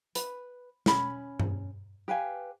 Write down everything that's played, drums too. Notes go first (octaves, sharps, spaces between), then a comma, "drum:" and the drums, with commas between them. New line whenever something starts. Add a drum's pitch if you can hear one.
B4, drum: hi-hat
C#4 B5, drum: snare
drum: tom G2
G4 B4 F5 G#5